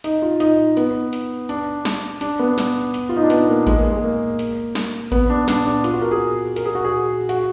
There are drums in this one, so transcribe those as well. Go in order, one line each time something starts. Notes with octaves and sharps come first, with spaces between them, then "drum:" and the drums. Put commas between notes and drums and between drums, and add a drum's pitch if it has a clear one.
D#4, drum: hi-hat
F4
D#4, drum: hi-hat
B3, drum: hi-hat
drum: hi-hat
D4, drum: hi-hat
drum: snare
D4, drum: hi-hat
B3
drum: snare
drum: hi-hat
F4
D#4
D4
B3, drum: hi-hat
A#3
G#3, drum: kick A1, hi-hat
A#3
G#3
A#3
drum: hi-hat
drum: snare
B3, drum: kick A1, hi-hat
D4
D4, drum: snare
D4
F4, drum: hi-hat
F#4
A#4
G#4
A#4, drum: hi-hat
G#4
F#4
G#4
F#4, drum: hi-hat